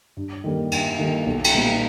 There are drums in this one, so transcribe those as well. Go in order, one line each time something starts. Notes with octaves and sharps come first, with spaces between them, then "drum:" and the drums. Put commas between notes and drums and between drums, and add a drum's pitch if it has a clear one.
G2
D#3 G3 A#3
G2, drum: cymbal
D#3 G3 A#3
B1
drum: cymbal
A#2 G3 B3 D#4